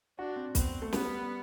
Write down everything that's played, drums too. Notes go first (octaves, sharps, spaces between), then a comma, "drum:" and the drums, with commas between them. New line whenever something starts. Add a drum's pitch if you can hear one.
D4 F#4
C4
B3 C4, drum: kick, hi-hat
A3
G3 B3, drum: snare